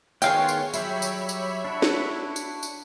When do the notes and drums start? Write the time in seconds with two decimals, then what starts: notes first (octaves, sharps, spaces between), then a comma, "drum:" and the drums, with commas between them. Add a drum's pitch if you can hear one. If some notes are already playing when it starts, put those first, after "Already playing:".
0.22 D#3 B3 G#4 C#5 F5 G5 C6, drum: tambourine
0.49 drum: tambourine
0.74 F#3 G3 G4 C#5 E5 B5, drum: tambourine
1.02 drum: tambourine
1.29 drum: tambourine
1.65 D4 E4 F#4
1.82 drum: snare
2.36 drum: tambourine
2.63 drum: tambourine